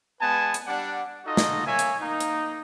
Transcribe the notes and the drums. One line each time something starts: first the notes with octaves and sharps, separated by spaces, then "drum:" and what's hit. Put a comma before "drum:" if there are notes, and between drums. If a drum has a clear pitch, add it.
G#3 B3 B4 G#5 A5
drum: hi-hat
G3 D4 D5 F#5
D#4 F4 F#4 A4 D#5
drum: snare
A#3 C#5 E5 G#5
drum: hi-hat
A#3 D#4
drum: hi-hat